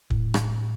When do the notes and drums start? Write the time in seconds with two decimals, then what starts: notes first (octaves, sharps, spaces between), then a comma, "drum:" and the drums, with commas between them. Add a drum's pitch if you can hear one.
0.10 A2, drum: kick
0.34 drum: rim click